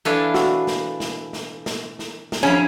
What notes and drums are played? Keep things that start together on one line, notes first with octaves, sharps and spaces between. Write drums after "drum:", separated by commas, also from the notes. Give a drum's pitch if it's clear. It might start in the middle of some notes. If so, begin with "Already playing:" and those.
E3 D4 A4 B4 C#5 F5
F#4, drum: snare
drum: snare
drum: snare
drum: snare
drum: snare
drum: snare
drum: snare
F3 F#3 C#4 E4 G#4